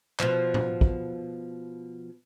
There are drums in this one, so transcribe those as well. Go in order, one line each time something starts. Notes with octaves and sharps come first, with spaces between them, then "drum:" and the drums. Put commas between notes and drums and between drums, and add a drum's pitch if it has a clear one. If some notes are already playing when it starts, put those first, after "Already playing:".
B2 F3, drum: clap
drum: tom A2
drum: kick A1